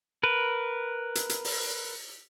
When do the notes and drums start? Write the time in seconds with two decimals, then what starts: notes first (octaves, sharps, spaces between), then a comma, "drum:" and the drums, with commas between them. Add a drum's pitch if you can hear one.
0.23 A#4 B4
1.15 drum: hi-hat
1.29 drum: hi-hat
1.44 drum: open hi-hat